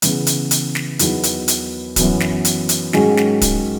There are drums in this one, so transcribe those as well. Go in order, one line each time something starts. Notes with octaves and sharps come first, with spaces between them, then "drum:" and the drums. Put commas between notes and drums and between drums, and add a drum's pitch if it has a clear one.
C#3 E3 B3, drum: hi-hat
drum: hi-hat
drum: hi-hat
drum: snare
E2 D#3 F#3 B3, drum: hi-hat
drum: hi-hat
drum: hi-hat
F#2 E3 B3 F#4, drum: kick, hi-hat
drum: snare
drum: hi-hat
drum: hi-hat
G#2 D#3 F#3 C#4 G#4, drum: snare
drum: snare
drum: kick, hi-hat